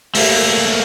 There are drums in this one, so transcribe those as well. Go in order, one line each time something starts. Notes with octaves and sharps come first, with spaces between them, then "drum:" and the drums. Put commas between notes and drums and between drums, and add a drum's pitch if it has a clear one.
A3 A#3, drum: open hi-hat